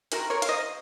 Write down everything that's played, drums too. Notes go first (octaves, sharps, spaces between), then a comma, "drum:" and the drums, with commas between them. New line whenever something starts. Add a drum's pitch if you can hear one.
D#3 A3 C4 F#4 A#4, drum: hi-hat
A#4 C#5
F5, drum: hi-hat
C5 D#5